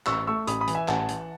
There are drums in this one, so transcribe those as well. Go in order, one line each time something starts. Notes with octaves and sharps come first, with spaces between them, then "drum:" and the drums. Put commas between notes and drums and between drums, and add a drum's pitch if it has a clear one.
A1 C#6 E6, drum: clap
A3 C#6 E6
A1 B5 D#6, drum: hi-hat
B5 D#6
E3, drum: hi-hat
E5 G#5
A1 F#5 A5, drum: clap
E3, drum: hi-hat